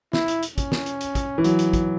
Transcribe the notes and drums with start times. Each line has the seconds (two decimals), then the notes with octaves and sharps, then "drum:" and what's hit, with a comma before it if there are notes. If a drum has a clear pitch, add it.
0.13 E4, drum: snare
0.28 drum: hi-hat
0.43 drum: hi-hat
0.58 C#4, drum: kick, hi-hat
0.72 drum: snare
0.86 drum: hi-hat
1.01 drum: hi-hat
1.15 drum: kick, hi-hat
1.38 E3
1.44 F#3, drum: hi-hat
1.59 drum: hi-hat
1.73 drum: kick, hi-hat